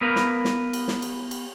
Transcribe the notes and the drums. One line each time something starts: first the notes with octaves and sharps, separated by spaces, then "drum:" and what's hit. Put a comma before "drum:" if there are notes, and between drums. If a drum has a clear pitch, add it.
B3 A#4 B4 F5
drum: snare
drum: snare
drum: cymbal
drum: snare
drum: cymbal
drum: cymbal